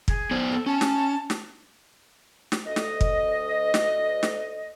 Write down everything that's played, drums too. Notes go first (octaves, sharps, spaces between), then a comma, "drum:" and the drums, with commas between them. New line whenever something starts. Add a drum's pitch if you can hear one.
G#4, drum: kick
B3 C5 D5
A4
C#4 A5
drum: snare
drum: snare
drum: snare
D2 D#5
drum: snare
drum: kick
drum: snare
drum: snare